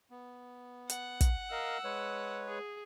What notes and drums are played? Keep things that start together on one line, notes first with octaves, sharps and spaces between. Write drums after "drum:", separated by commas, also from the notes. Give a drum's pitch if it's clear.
B3
F#5, drum: hi-hat
drum: kick, hi-hat
A#4 D#5 F5 E6
G#3 B4 C#5
G#4